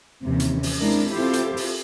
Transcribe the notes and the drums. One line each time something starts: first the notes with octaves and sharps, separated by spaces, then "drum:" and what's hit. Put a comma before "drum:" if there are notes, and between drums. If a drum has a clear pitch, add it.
D#2 C3 E3 C#4
drum: hi-hat
drum: open hi-hat
G#3 C4 D4 E4 A#4
C4 E4 F4 G4 A4 C5
drum: hi-hat
drum: open hi-hat